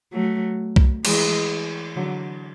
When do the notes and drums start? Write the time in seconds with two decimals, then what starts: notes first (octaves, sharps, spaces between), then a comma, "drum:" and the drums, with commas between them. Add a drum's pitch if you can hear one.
0.13 F#3 A3
0.76 drum: kick B1
1.05 E3 G#3, drum: cymbal
1.96 D3 F#3